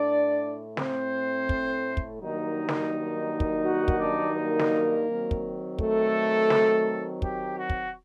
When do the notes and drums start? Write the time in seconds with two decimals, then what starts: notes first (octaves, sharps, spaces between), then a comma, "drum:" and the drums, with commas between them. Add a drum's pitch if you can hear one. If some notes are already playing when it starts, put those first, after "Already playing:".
Already playing: A2 A3 D4 D5
0.77 C4 C5, drum: snare
1.49 drum: kick
1.97 drum: kick
2.21 G2 D#3 F#3 A#3 D#4
2.69 drum: snare
3.40 drum: kick
3.63 F#4 F#5
3.88 drum: kick
3.99 D4 D5
4.35 A#3 A#4
4.59 drum: snare
5.07 D#3 F#3 C4
5.31 drum: kick
5.79 A3 A4, drum: kick
6.50 drum: snare
7.22 G4, drum: kick
7.57 F#4
7.70 drum: kick